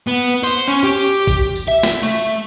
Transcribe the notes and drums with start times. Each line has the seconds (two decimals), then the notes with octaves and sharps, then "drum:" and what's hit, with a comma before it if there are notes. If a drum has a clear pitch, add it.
0.08 B3
0.43 C5, drum: tambourine
0.67 C#4
0.83 G4
0.99 drum: tambourine
1.27 drum: kick A1, tambourine
1.55 drum: tambourine
1.68 E5
1.83 drum: snare
2.03 A3